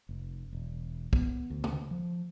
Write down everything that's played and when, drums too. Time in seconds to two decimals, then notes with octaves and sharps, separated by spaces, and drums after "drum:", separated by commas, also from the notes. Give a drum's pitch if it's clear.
0.09 F1
0.53 E1
1.13 B3, drum: kick
1.50 D2
1.64 drum: tom C#3
1.91 F3